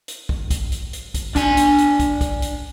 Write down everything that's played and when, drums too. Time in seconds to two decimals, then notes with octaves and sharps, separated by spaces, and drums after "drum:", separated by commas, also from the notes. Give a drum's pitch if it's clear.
0.08 drum: hi-hat
0.29 drum: kick
0.51 drum: kick, hi-hat
0.72 drum: hi-hat
0.93 drum: hi-hat
1.14 drum: kick, hi-hat
1.36 D4 G#5, drum: kick, hi-hat
1.57 drum: hi-hat
1.78 drum: hi-hat
2.00 drum: kick, hi-hat
2.21 drum: kick, hi-hat
2.42 drum: hi-hat